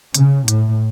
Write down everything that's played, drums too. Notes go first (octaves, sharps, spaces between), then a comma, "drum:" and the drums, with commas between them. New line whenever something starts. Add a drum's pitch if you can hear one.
C#3, drum: hi-hat
A2, drum: hi-hat